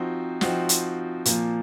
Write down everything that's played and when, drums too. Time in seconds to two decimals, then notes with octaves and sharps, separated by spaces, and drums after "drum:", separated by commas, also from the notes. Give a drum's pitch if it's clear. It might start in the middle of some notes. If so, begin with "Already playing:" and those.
Already playing: F3 C4 D#4 F#4
0.41 F3 C4 D#4 F#4, drum: snare
0.69 drum: hi-hat
1.25 A#2 F3 A#3, drum: hi-hat